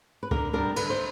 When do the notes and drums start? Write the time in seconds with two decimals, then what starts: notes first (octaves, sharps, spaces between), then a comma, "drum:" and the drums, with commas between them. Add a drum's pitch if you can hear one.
0.23 B4
0.31 D3 A#4, drum: kick C#2
0.53 G3 B3 D4 A#4
0.76 D3 B4, drum: cymbal
0.90 C5